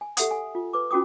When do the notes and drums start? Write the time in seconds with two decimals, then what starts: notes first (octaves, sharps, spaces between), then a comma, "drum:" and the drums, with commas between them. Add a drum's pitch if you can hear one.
0.01 G#5
0.17 G4 A4 E5 F#5 D#6, drum: hi-hat
0.31 G#5
0.55 F4
0.73 B4 D6
0.91 C#4 F4 F#4 G5 D6 D#6